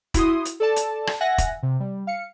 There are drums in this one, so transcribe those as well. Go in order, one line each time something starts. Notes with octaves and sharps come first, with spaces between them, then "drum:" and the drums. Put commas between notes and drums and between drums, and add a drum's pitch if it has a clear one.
E4 F#4 C6 D#6, drum: kick E1, hi-hat
drum: hi-hat
A4 D5 A5
drum: hi-hat
drum: rim click
E5 F#5 G#5 F#6 A#6
drum: kick E1, hi-hat
C3
G3
F5 C#7